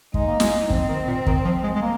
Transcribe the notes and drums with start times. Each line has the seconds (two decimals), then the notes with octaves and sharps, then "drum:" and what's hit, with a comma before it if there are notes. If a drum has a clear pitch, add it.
0.14 G#3 D#4, drum: kick
0.27 A#3
0.40 G#3, drum: snare
0.70 F3 C4, drum: kick
0.89 D#3
1.07 A#2
1.26 D#3, drum: kick
1.44 F3
1.63 G#3
1.76 G#3
1.81 A#3